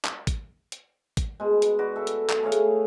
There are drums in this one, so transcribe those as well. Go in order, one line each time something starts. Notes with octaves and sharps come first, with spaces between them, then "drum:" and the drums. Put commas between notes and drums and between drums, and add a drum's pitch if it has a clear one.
drum: clap
drum: kick, hi-hat
drum: hi-hat
drum: kick, hi-hat
B2 G#3
drum: hi-hat
F#4 B4 D5
A4 E5
drum: hi-hat
drum: clap
A3 G#4 C#5 F5
drum: hi-hat